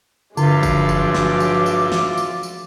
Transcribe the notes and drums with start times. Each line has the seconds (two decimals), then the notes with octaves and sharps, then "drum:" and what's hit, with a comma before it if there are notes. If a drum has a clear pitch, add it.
0.37 G2 D3 F3 F#3 G#3 F4 E5 D6, drum: tambourine
0.63 drum: kick, tambourine
0.89 drum: tambourine
1.14 drum: snare
1.40 drum: tambourine
1.66 drum: tambourine
1.92 drum: snare
2.17 drum: tambourine
2.43 drum: tambourine